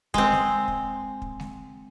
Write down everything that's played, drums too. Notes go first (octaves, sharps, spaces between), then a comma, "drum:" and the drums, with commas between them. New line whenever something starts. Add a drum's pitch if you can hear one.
G#3 C4, drum: kick
drum: snare G#3
drum: kick
drum: kick
drum: snare G#3